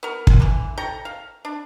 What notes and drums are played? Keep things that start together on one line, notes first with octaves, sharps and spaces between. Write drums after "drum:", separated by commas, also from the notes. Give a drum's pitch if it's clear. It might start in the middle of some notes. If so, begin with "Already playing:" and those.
B3 A#4
drum: kick
D3 E3
A4 G5 A#5
F5
D4